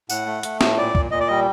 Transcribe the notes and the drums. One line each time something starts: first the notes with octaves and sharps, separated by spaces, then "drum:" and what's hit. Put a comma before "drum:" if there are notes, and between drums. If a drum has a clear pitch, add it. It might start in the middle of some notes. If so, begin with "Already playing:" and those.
A2 F#5, drum: tambourine
A3
A3, drum: hi-hat
A2, drum: snare
A#2 D5
A#2, drum: kick
A#2 D#5
D5
G3 D#5